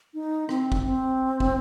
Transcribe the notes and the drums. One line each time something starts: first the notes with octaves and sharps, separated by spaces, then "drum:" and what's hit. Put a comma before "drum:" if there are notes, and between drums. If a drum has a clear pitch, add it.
D#4
C4, drum: rim click
drum: kick
C4
drum: kick